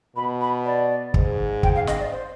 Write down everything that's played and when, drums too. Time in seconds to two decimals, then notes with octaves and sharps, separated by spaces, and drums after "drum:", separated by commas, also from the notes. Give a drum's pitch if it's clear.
0.16 B2 B5
0.41 B5
0.65 D5
1.14 G#2, drum: kick
1.63 G5, drum: kick
1.75 F5
1.87 D#5, drum: snare
1.99 D5
2.12 C5